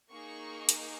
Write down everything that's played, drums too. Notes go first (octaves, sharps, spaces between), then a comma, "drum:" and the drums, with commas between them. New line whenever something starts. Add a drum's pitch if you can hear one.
A#3 D#4 G#4 C#6
drum: hi-hat